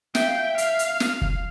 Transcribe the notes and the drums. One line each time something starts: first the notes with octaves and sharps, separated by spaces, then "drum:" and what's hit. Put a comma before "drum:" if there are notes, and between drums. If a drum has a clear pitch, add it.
E5 G5, drum: snare
F5
E5
F5, drum: hi-hat
drum: hi-hat
drum: snare
drum: kick